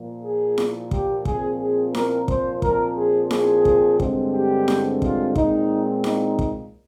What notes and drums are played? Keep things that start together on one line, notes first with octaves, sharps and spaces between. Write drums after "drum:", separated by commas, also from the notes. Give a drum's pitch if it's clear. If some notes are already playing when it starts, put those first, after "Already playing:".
Already playing: A#2 F3 A#3
G#4
drum: snare E4
G4, drum: kick
A#2 F3 C4 G#4, drum: kick
G#4
A#4, drum: snare E4
C5, drum: kick
A#2 F3 C4 A#4, drum: kick
G#4
G#4, drum: snare E4
drum: kick
G2 D3 G#3 C4, drum: kick
G4
drum: snare E4
F4, drum: kick
A#2 G#3 C4 D#4, drum: kick
D#4, drum: snare E4
drum: kick